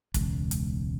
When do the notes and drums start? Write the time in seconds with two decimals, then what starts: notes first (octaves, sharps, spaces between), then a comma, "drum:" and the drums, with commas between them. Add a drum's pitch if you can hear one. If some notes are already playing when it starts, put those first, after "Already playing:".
0.14 E1 C#2, drum: kick, hi-hat
0.51 drum: hi-hat